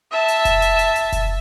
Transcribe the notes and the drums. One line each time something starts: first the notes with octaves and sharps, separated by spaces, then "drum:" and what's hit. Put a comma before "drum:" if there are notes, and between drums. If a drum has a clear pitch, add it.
E5 A5
drum: hi-hat
drum: kick F1, hi-hat
drum: hi-hat
drum: hi-hat
drum: hi-hat
drum: kick F1, hi-hat